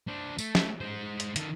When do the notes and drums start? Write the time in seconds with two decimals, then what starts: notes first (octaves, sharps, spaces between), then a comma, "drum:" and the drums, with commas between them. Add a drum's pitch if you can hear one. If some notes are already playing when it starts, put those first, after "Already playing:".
0.08 D4 C5
0.38 A3, drum: tambourine
0.55 drum: snare
0.81 G#3 C5
1.20 drum: hi-hat
1.36 D#3 A4, drum: hi-hat